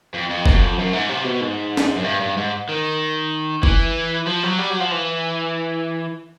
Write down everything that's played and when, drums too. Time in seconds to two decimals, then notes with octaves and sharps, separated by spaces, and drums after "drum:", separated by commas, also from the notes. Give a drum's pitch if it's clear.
0.14 F2
0.30 F2
0.46 F#2, drum: kick
0.62 F2
0.78 F#2
0.93 G#2
1.09 C3
1.25 B2
1.41 G#2
1.77 drum: snare
1.96 F#2
2.04 G2
2.21 G2
2.37 G#2
2.69 D#3
3.63 E3, drum: kick
4.27 F3
4.44 F#3
4.59 G3
4.70 F#3
4.80 F3
4.92 E3